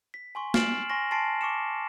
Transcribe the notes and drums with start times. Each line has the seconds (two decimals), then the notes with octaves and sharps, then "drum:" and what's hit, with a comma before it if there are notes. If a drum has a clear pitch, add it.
0.14 B6
0.35 G#5 C6 C#6
0.54 F6 A6 C7 D7 E7 F#7, drum: snare
0.90 G#5 C6 C#6 A#6
1.11 G#5 A5 C6 A6 C7 D7
1.41 C#6 D6 C#7 E7